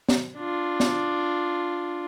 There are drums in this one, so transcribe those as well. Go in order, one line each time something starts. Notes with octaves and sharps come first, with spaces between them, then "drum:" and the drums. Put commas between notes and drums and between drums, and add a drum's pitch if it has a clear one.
drum: snare
D4 F4
drum: snare